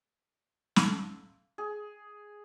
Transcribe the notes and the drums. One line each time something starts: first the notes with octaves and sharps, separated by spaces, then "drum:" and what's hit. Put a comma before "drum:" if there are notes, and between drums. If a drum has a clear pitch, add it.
drum: snare
G#4